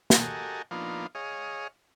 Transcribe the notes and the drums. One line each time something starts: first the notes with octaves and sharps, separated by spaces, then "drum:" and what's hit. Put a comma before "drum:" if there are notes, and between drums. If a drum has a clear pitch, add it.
F#4 G4 A4 A#4 D#5 G#5, drum: snare
F3 A#3 B3 D4 D#4 F4
G#4 C#5 D#5 F5